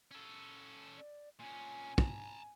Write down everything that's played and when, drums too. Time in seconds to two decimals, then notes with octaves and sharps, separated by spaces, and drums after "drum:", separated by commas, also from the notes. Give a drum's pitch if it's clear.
0.11 C#4 A4
0.98 D5
1.39 A#2 C#4 G#5
1.98 A5 A#5, drum: kick